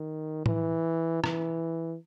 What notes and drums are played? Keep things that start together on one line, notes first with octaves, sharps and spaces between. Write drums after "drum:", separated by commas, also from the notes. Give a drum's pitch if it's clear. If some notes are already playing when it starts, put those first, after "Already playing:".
Already playing: D#3
E3, drum: tom A2
E3, drum: rim click